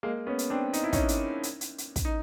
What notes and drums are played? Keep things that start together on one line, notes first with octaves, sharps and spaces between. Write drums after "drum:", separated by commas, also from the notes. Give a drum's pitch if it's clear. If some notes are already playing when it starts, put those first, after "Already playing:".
G#3 A#3
B3 C#4
drum: hi-hat
C4 D4
D#4, drum: hi-hat
E4
C#4 D#4, drum: kick, hi-hat
drum: hi-hat
drum: hi-hat
drum: hi-hat
drum: hi-hat
drum: kick, hi-hat
D#4